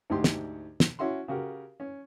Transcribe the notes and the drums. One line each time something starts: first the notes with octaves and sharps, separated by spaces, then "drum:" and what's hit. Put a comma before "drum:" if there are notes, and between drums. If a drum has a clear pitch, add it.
D2 G#2 D#4 G4 C6
drum: snare
drum: snare
C#4 E4 F#4 C6
C#3 F#4 G4 A#4
C#4